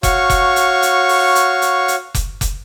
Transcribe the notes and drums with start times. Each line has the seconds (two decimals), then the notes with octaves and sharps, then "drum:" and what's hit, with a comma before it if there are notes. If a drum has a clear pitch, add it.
0.03 F#4 C#5 F5 C#6, drum: kick F1, hi-hat
0.30 drum: kick F1, hi-hat
0.56 drum: hi-hat
0.82 drum: hi-hat
1.09 drum: open hi-hat
1.35 drum: hi-hat
1.62 drum: hi-hat
1.88 drum: hi-hat
2.15 drum: kick F1, hi-hat
2.41 drum: kick F1, hi-hat